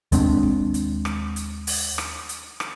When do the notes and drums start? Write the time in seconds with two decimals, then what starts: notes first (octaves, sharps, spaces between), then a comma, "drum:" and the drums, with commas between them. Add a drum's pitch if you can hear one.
0.12 D#2 G#3 C4 D4, drum: hi-hat
0.43 drum: kick
0.74 drum: hi-hat
1.05 drum: rim click
1.36 drum: hi-hat
1.67 drum: open hi-hat
1.98 drum: rim click
2.29 drum: hi-hat
2.60 drum: rim click